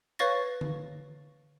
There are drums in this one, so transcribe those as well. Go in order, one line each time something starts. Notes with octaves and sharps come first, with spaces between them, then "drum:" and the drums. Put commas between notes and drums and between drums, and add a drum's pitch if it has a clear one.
B4 C#5 F5 C#6 A6 A#6, drum: tambourine
drum: tom D3